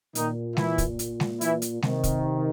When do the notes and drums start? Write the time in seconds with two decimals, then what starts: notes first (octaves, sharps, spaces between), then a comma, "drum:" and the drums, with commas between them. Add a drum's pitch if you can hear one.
0.15 A#2 D#3 D#4, drum: hi-hat
0.57 E3 E4, drum: snare G#3
0.78 drum: kick, hi-hat
0.99 drum: hi-hat
1.20 drum: snare G#3
1.41 E3 E4, drum: hi-hat
1.62 drum: hi-hat
1.82 C3 D#3, drum: snare G#3
2.04 drum: kick, hi-hat